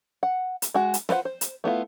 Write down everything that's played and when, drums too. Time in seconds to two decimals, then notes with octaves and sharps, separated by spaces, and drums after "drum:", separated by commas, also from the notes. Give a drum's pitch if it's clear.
0.23 F#5
0.62 drum: hi-hat
0.74 G#3 F#4
0.94 drum: hi-hat
1.09 F4 B4 C5 F#5, drum: snare
1.25 C5
1.41 drum: hi-hat
1.64 A3 B3 E4 F4